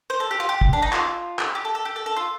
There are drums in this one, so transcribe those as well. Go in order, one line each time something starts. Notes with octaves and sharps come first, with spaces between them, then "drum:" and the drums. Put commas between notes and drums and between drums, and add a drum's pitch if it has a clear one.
C5
A4
G4
F4
G4
drum: kick
D4
D#4
F4, drum: clap
drum: clap
G4
A4
A4
G4
A4
A4
F4